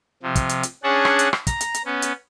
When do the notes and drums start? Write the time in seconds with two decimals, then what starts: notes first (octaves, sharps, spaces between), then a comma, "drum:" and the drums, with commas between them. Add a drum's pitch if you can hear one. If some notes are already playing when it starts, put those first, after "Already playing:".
0.23 C3 F3
0.35 drum: kick, hi-hat
0.49 drum: hi-hat
0.63 drum: hi-hat
0.83 C#4 D4 G#4 C#5 F#5 A5
1.05 drum: rim click
1.19 drum: hi-hat
1.33 drum: rim click
1.47 A#5, drum: kick, hi-hat
1.61 drum: hi-hat
1.74 drum: hi-hat
1.85 B3 C#4
2.02 drum: hi-hat